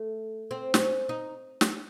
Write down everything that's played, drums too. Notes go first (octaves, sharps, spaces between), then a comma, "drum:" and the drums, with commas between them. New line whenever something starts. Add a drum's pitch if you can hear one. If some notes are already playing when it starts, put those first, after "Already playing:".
Already playing: A3
C4
C4, drum: snare
C#4
D#4
drum: snare